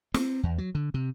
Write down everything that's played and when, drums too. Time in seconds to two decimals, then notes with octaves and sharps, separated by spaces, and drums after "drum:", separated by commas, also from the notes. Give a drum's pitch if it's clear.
0.14 C4, drum: snare
0.43 E2
0.58 F#3
0.75 D3
0.94 C3